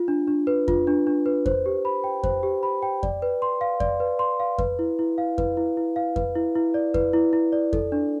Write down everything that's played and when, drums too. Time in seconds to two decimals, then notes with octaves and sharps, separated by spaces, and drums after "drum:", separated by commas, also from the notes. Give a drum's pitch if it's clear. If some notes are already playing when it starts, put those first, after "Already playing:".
Already playing: F4
0.08 D4
0.28 D4
0.47 B4
0.68 F4, drum: kick F2
0.87 D4
1.07 D4
1.26 B4
1.46 C5, drum: kick F2
1.66 G4
1.85 B5
2.04 G5
2.23 C5, drum: kick F2
2.43 G4
2.63 B5
2.82 G5
3.03 D5, drum: kick F2
3.22 B4
3.42 C6
3.61 F5
3.80 D5, drum: kick F2
4.00 B4
4.19 C6
4.40 F5
4.58 B4, drum: kick F2
4.79 E4
4.99 E4
5.18 F5
5.38 B4, drum: kick F2
5.57 E4
5.77 E4
5.96 F5
6.16 B4, drum: kick F2
6.36 E4
6.55 E4
6.74 D5
6.94 B4, drum: kick F2
7.13 E4
7.33 E4
7.52 D5
7.73 A4, drum: kick F2
7.92 D4